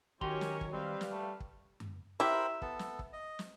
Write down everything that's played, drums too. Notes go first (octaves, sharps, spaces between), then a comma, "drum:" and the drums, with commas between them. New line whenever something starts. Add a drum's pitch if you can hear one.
D#3 F#3 C#4 G4 A#4 C#5 A#5 C6, drum: kick
drum: snare
drum: kick
G3 C4 B4 F5
drum: snare
A3
drum: kick
drum: tom F#2
E4 G4 A#4 C5 E5 B5
B3 A4, drum: kick
drum: snare
drum: kick
D#5
drum: snare